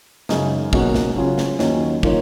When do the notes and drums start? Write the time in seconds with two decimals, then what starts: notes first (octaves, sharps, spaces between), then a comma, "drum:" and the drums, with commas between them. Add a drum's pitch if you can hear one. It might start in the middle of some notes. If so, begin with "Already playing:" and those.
0.29 F#2 C#3 G#3 D#4, drum: snare
0.73 C#2 B2 A#3 C#4 F#4, drum: kick
0.94 drum: snare
1.16 C#3 F#3 C#4 F4 G#4
1.38 drum: snare
1.59 D#2 D#3 F#3 C#4, drum: snare
2.03 D#3 A#3 F4 A#4 C#5, drum: kick